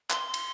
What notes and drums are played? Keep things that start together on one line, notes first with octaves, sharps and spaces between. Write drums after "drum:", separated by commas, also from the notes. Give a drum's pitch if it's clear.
C6, drum: clap
drum: cymbal